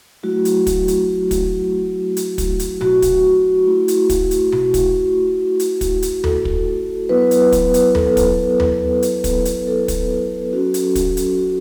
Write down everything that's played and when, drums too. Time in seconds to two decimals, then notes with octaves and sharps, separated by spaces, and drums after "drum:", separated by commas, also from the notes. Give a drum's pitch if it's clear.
0.23 F#3 A3 E4 F#4
0.45 drum: hi-hat
0.67 drum: kick, hi-hat
0.88 drum: hi-hat
1.31 drum: kick, hi-hat
2.17 drum: hi-hat
2.38 drum: kick, hi-hat
2.59 drum: hi-hat
2.81 F#4, drum: tom B2
3.02 drum: kick, hi-hat
3.67 A3 E4
3.88 drum: hi-hat
4.10 drum: kick, hi-hat
4.31 drum: hi-hat
4.52 F#4, drum: tom B2
4.74 drum: kick, hi-hat
5.60 drum: hi-hat
5.81 drum: kick, hi-hat
6.02 drum: hi-hat
6.24 A4, drum: tom D#2
6.45 drum: kick
7.09 F#3 B3 E4 B4
7.31 drum: hi-hat
7.52 drum: kick, hi-hat
7.74 drum: hi-hat
7.95 A4, drum: tom D#2
8.17 drum: kick, hi-hat
8.60 drum: tom D#2
9.03 drum: hi-hat
9.24 drum: kick, hi-hat
9.45 drum: hi-hat
9.67 A4
9.88 drum: kick, hi-hat
10.53 F#3 C#4 F#4
10.74 drum: hi-hat
10.95 drum: kick, hi-hat
11.17 drum: hi-hat
11.38 F#4